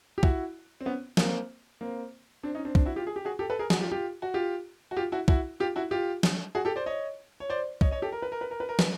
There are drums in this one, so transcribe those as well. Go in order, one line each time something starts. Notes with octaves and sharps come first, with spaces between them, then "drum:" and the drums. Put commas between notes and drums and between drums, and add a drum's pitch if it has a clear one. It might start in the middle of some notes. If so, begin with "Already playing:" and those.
G4
E4 F#4, drum: kick
C4
B3 C#4
A#3 C4, drum: snare
A#3 C4
C4 D4
C#4 D#4
C4 D4
C4 D4, drum: kick
E4 F#4
F4 G4
G#4
G4
F#4 G#4
G4 A4
A4 B4
G#4 A#4
F#4 G#4, drum: snare
F4 G4
F4 G4
F#4
F4 G4
F#4
F4 G4
E4 F#4
E4 F#4, drum: kick
F4 G4
E4 F#4
F4 G4
drum: snare
F#4 G#4
G4 A4
C5 D5
C#5 D#5
C#5
C5 D5
C#5 D#5, drum: kick
C#5 D#5
G4 A4
A#4
B4
A#4
B4
A#4
B4
A#4
B4, drum: snare